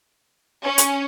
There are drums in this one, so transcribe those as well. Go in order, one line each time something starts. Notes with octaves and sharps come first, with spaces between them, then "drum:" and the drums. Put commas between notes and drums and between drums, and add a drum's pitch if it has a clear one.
C#4
drum: hi-hat